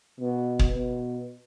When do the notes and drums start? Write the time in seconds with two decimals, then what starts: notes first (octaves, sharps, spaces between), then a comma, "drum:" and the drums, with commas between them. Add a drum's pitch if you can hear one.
0.20 B2
0.59 drum: kick
0.74 B2